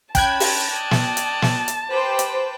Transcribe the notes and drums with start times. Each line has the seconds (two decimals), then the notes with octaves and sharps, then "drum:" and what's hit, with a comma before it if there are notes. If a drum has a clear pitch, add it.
0.15 C#4 G5 A5 B5 F#6 G#6, drum: kick, hi-hat
0.40 drum: open hi-hat
0.71 D5 D#5
0.91 drum: snare
1.17 drum: hi-hat
1.42 drum: snare
1.68 drum: hi-hat
1.90 G4 B4 C5 G5
2.19 drum: hi-hat